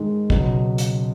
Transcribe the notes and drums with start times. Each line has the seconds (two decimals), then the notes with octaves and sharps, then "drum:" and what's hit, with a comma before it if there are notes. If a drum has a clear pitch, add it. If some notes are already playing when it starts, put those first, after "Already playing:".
Already playing: G#2 D#3 G#3
0.30 C#2 B2 F#3 C#4, drum: kick
0.78 drum: hi-hat